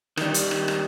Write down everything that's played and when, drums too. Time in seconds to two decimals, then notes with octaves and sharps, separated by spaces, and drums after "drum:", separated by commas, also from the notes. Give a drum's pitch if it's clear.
0.17 D#3 G3, drum: rim click
0.34 drum: hi-hat
0.51 drum: rim click
0.68 drum: rim click